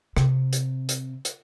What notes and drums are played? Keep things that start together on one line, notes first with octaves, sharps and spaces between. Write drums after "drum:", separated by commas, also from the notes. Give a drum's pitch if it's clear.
C3, drum: rim click
drum: hi-hat
drum: hi-hat
drum: hi-hat